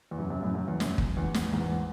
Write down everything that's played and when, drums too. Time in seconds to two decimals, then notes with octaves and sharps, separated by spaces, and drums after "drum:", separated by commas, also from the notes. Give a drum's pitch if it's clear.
0.11 E2
0.18 F#2
0.30 F#2
0.42 F#2 A2
0.55 F#2
0.68 E2
0.80 F#2, drum: snare
0.98 drum: kick
1.17 E2
1.34 E2 G#2, drum: snare
1.53 E2 G#2